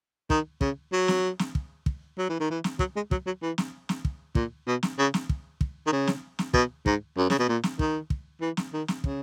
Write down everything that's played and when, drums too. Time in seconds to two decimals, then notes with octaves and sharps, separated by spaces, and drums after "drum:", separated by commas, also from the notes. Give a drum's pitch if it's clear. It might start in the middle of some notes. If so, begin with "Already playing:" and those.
0.30 D#3, drum: kick
0.61 C#3, drum: kick
0.92 F#3
1.08 drum: snare
1.39 drum: snare
1.55 drum: kick
1.86 drum: kick
2.18 F#3
2.29 E3
2.40 D#3
2.50 E3
2.64 drum: snare
2.79 F#3, drum: kick
2.96 G#3
3.11 F#3, drum: kick
3.26 F#3
3.42 E3
3.58 drum: snare
3.89 drum: snare
4.05 drum: kick
4.35 A#2, drum: kick
4.66 B2
4.83 drum: snare
4.98 C#3
5.14 drum: snare
5.29 drum: kick
5.61 drum: kick
5.87 D#3
5.92 C#3
6.07 drum: snare
6.39 drum: snare
6.54 B2, drum: kick
6.86 G#2, drum: kick
7.17 F#2
7.30 C#3, drum: snare
7.39 B2
7.48 A#2
7.63 drum: snare
7.79 D#3, drum: kick
8.10 drum: kick
8.41 E3
8.57 drum: snare
8.73 D#3
8.88 drum: snare
9.04 C#3, drum: kick